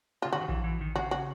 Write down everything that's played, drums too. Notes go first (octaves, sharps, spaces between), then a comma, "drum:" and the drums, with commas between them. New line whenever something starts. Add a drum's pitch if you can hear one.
C#3 F4
D3 F#4
D#3
E3, drum: kick A#1
E3
D#3
C#3 F#4
F#4